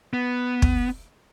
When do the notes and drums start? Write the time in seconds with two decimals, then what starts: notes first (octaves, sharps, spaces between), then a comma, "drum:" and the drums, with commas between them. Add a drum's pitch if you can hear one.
0.13 B3
0.62 drum: kick